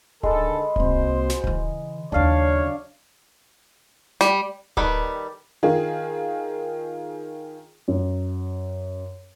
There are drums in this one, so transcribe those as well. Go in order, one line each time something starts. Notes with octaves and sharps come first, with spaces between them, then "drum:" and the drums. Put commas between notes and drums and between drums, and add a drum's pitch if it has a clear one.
D3 D#3 G#3 A4 B4, drum: kick D1
C2 A#3 F#4 C5, drum: kick D1
drum: snare
C#3 E3, drum: kick D1
D#2 C#3 F#3 C#4 D4 C#5 D5 F5
G3, drum: snare
D#3 G3 A4 B4, drum: kick D1
D#3 F4 G#4
F#2